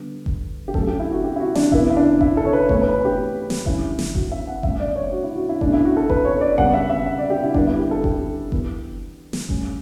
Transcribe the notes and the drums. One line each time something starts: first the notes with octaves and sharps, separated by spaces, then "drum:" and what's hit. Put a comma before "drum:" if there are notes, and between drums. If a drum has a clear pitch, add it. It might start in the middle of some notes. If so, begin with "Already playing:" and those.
Already playing: D3 G3 B3
drum: kick F#1
G4
A2 F#3 A3 C#4 A4, drum: kick F#1
G4
E4
F#4
G4
E4
F#4
D4, drum: snare
C#3 E3 B3 E4, drum: kick F#1
E4
D4
E4, drum: kick F#1
A4
C#5
B4
A2 E3 B3 C#5, drum: kick F#1
B4
B4
G4
drum: snare
D3 G3 C#4 E4, drum: kick F#1
drum: snare
F#4, drum: kick F#1
E5
F#5
A2 G3 C#4 E5, drum: kick F#1
D5
C#5
F#4
E4
F#4
E4
B2 A3 C#4 D4, drum: kick F#1
E4
F#4
A4
B4, drum: kick F#1
C#5
D5
C#3 G3 B3 F#5, drum: kick F#1
E5
E5
E5
D5
G4
E4
D3 G3 B3 D4, drum: kick F#1
E4
G4
A4
G4, drum: kick F#1
E3 B3, drum: kick F#1
drum: snare
A2 G3 C#4, drum: kick F#1